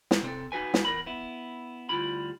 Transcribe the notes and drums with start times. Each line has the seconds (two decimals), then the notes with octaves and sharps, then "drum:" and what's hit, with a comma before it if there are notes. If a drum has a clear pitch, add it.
0.11 drum: snare
0.22 C3 C4 A4
0.52 D#4 F#4 B4 G#5
0.74 drum: snare
0.85 E2 A#4 B5
1.06 B3 E4
1.89 D2 G3 E4 F4 B5